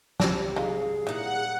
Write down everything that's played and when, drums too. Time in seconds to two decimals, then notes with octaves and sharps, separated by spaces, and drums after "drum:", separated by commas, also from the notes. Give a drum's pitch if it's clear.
0.20 C3 G3 D4 B5, drum: snare
0.56 D#4 F4 G#4
1.07 A#2 E3 D#4 F#5